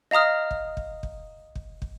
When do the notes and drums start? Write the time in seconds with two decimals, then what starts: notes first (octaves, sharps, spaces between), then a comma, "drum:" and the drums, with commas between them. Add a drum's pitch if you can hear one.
0.11 D#5 F5 A#5 D#6 F6
0.51 drum: kick
0.77 drum: kick
1.03 drum: kick
1.55 drum: kick
1.82 drum: kick